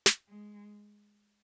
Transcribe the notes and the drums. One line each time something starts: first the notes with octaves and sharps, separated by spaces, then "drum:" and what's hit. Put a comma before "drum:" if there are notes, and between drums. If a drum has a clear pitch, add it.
drum: snare
G#3